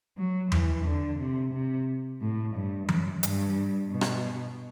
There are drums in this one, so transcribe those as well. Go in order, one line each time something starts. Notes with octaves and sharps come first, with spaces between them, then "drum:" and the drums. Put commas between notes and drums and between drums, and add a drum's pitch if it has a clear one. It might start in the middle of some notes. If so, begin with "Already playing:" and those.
F#3
E3, drum: tom E2
D3
C3
C3
A2
G2
F#2, drum: tom E3
G2, drum: hi-hat
B2
drum: rim click